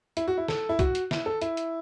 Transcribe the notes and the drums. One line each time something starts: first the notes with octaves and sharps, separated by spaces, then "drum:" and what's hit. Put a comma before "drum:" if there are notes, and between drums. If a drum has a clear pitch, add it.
E4, drum: hi-hat
F#4
E4
A4, drum: snare
E4
F#4, drum: kick, hi-hat
drum: hi-hat
E4, drum: snare
A4
E4, drum: hi-hat
drum: hi-hat